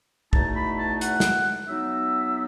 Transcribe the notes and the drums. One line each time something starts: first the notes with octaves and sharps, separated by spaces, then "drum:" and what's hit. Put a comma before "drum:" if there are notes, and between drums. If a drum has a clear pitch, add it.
E2 B2 A3 D#4 A5, drum: kick
B5
A5
F#5, drum: hi-hat
drum: snare
F#3 B3 D#4 E5